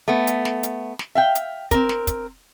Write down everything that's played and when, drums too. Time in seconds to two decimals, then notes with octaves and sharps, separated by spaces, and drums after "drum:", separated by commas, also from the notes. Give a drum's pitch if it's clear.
0.08 A3 B3
0.27 drum: hi-hat
0.45 drum: snare
0.63 drum: hi-hat
0.99 drum: snare
1.15 E5 F5 G5
1.35 drum: hi-hat
1.71 C4 A#4, drum: kick, hi-hat
1.89 drum: snare
2.07 drum: kick, hi-hat